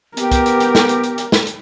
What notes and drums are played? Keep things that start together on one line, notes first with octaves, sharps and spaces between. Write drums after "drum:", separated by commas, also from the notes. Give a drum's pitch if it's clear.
B3 G4 A#4, drum: hi-hat
drum: kick, hi-hat
drum: hi-hat
drum: hi-hat
drum: snare
drum: hi-hat
drum: hi-hat
drum: hi-hat
drum: snare
drum: hi-hat